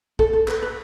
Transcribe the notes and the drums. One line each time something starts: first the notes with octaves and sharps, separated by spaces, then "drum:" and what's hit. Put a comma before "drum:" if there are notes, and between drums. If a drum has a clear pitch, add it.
A4, drum: kick
A4
B4, drum: clap
B4